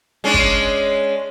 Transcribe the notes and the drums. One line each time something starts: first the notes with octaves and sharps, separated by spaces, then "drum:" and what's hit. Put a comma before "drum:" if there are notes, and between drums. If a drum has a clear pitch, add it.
G#3 C#4 D4
drum: kick